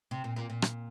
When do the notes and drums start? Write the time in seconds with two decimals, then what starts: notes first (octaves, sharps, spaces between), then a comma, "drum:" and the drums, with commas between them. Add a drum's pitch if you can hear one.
0.11 C3
0.24 A#2
0.36 A#2
0.50 A#2
0.62 drum: rim click